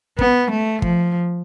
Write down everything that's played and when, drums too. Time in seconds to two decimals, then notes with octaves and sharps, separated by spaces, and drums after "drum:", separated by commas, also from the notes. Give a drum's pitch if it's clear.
0.19 B3, drum: kick
0.51 A3
0.82 F3, drum: kick